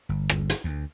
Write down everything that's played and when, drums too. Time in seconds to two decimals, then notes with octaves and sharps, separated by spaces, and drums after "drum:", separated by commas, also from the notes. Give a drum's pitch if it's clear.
0.09 G1
0.29 drum: rim click
0.50 drum: hi-hat
0.64 D2